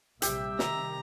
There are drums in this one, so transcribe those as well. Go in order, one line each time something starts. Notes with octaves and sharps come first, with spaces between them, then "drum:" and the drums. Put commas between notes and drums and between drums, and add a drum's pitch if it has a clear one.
A#1 C3 G3 G4 E5 G5, drum: hi-hat
C3 D#3 G3 A#5, drum: snare